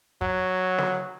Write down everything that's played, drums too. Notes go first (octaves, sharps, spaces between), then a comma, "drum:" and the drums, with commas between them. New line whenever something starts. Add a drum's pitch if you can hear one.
F#3, drum: kick
drum: snare